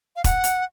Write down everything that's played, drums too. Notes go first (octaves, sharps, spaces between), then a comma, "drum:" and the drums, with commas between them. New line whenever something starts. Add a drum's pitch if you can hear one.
F5
F#5, drum: kick E1, hi-hat
drum: hi-hat